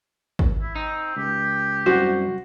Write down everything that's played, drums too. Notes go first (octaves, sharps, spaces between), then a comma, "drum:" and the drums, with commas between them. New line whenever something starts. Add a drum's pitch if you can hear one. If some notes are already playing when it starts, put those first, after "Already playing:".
drum: kick
E4
C4 D#4
C#2 G4
C2 F#2 F#4 C5